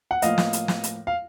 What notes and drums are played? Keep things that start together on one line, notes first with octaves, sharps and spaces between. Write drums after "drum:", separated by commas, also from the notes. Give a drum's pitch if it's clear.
F#5
A2 F3 A#3 D#5 F5, drum: hi-hat
drum: snare
drum: hi-hat
drum: snare
drum: hi-hat
F5